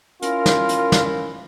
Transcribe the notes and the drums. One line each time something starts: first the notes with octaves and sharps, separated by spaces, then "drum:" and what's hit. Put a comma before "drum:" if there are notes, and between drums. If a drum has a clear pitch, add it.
C#4 E4 F4 A#4, drum: hi-hat
drum: snare
drum: hi-hat
drum: snare